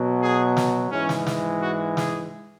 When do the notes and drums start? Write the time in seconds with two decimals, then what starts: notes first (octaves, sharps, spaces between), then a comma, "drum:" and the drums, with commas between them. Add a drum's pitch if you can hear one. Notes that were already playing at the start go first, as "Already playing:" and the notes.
Already playing: B2 F#3
0.21 G#4
0.57 drum: snare
0.91 G#2 E3 G#3 C#4
1.09 drum: snare
1.26 drum: snare
1.61 F#4
1.97 G#4, drum: snare